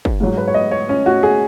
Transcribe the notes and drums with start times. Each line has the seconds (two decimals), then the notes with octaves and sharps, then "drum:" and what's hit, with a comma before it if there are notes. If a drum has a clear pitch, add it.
0.05 drum: kick
0.20 G#2 F#3
0.38 B4
0.48 C#5
0.54 D#5
0.71 C#5
0.89 C#4
1.06 F#4
1.23 G#4